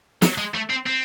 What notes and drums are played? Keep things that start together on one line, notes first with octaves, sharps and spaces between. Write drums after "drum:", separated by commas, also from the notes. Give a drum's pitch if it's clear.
F#3, drum: snare
G#3
A3
C4
C4